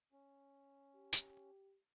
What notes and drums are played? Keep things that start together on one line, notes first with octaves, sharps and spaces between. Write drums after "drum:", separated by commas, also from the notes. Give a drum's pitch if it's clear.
C#4
G4
drum: hi-hat